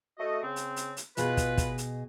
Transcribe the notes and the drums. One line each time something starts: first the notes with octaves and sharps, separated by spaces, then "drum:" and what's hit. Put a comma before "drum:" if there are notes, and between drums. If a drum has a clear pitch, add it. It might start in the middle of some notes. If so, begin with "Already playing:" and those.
A3 F#4 D#5
C#3 C4
drum: hi-hat
drum: hi-hat
drum: hi-hat
B2 F4 G#4 B4 D#5, drum: hi-hat
drum: kick, hi-hat
drum: kick, hi-hat
drum: hi-hat